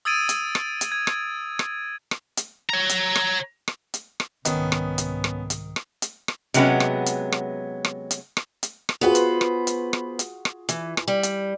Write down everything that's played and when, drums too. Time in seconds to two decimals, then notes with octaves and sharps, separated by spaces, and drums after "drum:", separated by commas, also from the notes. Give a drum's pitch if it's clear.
0.05 D#6 E6 G#6 A6 D7 D#7
0.29 drum: hi-hat
0.55 drum: rim click
0.81 drum: hi-hat
0.92 G#6
1.07 drum: rim click
1.59 drum: rim click
2.11 drum: rim click
2.37 drum: hi-hat
2.70 C#5 A#5
2.89 drum: hi-hat
3.15 drum: rim click
3.68 drum: rim click
3.94 drum: hi-hat
4.20 drum: rim click
4.45 C2 G#2 D#3 B3 C#4, drum: hi-hat
4.72 drum: rim click
4.98 drum: hi-hat
5.24 drum: rim click
5.50 drum: hi-hat
5.76 drum: rim click
6.02 drum: hi-hat
6.28 drum: rim click
6.54 C3 F#3 G#3 B3 C#4, drum: hi-hat
6.80 drum: rim click
7.06 drum: hi-hat
7.32 drum: rim click
7.85 drum: rim click
8.11 drum: hi-hat
8.37 drum: rim click
8.63 drum: hi-hat
8.89 drum: rim click
9.01 B3 F4 F#4 G#4 B4 C5
9.15 drum: hi-hat
9.41 drum: rim click
9.67 drum: hi-hat
9.93 drum: rim click
10.19 drum: hi-hat
10.45 drum: rim click
10.69 E3, drum: hi-hat
10.97 drum: rim click
11.08 G3
11.23 drum: hi-hat